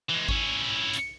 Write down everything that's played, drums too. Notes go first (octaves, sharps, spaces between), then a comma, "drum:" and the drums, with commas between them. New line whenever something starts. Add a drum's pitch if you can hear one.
E3 G#3
C#4 E4, drum: kick G#1
drum: hi-hat